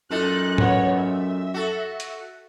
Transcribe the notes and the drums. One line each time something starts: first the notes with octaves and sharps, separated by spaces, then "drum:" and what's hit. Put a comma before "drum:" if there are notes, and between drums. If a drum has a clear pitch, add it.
F#2 A#2 D#4 A4 F#6
B3 C#5, drum: tom G#2
E5
F#4 A4
drum: hi-hat